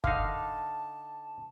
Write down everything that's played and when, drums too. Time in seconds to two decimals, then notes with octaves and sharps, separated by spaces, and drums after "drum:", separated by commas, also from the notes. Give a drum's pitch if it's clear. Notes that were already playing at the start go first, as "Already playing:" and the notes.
0.04 D3 D#4 F5 A5, drum: kick F#1